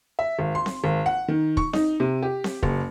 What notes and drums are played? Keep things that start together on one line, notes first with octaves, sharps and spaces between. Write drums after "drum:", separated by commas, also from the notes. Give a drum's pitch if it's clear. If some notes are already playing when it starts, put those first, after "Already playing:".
E5
G#1
C6
drum: snare C4
G#1
F#5
D#3
C#6, drum: kick
D#4, drum: snare C4
C3
G4
drum: snare C4
F#1, drum: kick